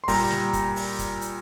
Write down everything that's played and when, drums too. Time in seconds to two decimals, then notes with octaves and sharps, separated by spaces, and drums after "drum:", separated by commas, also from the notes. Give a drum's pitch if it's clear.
0.04 C6
0.08 A#2 G3 A#5, drum: kick, open hi-hat
0.31 drum: snare
0.53 drum: kick, hi-hat
0.76 drum: open hi-hat
0.99 drum: kick, hi-hat
1.21 drum: hi-hat